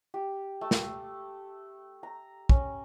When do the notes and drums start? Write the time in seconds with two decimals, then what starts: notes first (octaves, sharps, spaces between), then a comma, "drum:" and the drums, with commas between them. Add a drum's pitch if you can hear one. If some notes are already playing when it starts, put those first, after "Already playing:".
0.14 G4
0.61 A3
0.71 drum: snare
2.03 A#5
2.49 C#4, drum: kick